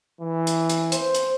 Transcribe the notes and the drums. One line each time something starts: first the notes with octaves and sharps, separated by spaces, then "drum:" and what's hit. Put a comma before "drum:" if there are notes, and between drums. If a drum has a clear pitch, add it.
E3
drum: hi-hat
drum: hi-hat
C5, drum: hi-hat
drum: hi-hat